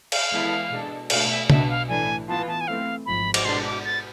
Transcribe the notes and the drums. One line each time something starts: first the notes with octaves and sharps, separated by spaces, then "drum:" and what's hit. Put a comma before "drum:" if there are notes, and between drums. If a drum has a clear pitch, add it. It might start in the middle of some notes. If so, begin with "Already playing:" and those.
F5, drum: cymbal
E3 G#3 B3 E4 A4
B2 G#3 D4 A4
B2 A3 D4 F5, drum: cymbal
E5
B1 B2 B3 D4 E5, drum: tom C#3
F5
A2 E3 A3 D4 G#5
E3 B3 F4 A5
A5
G#5
E3 A3 C4 F5
G#1 G#2 F3 B5
D6, drum: cymbal
B2 G#3 D4 A4 D5 C6
D6
A6